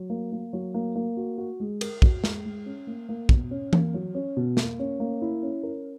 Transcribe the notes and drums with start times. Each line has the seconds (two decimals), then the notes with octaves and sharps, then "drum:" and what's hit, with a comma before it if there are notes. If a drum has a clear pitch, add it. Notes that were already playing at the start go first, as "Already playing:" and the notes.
Already playing: F#3
0.10 A#3
0.32 A#3
0.53 F#3
0.74 A#3
0.95 A#3
1.17 F#4
1.38 F#4
1.60 G#3
1.81 A#4, drum: cymbal
2.02 F#4, drum: kick
2.24 G#3, drum: snare
2.45 G#3
2.66 C#4
2.87 A#3
3.09 A#3
3.29 B2, drum: kick
3.51 C#4
3.73 A#3, drum: tom E3
3.94 F#3
4.15 C#4
4.37 B2
4.57 A#3, drum: snare
4.79 C#4
5.00 A#3
5.22 E4
5.43 C#4
5.63 A#4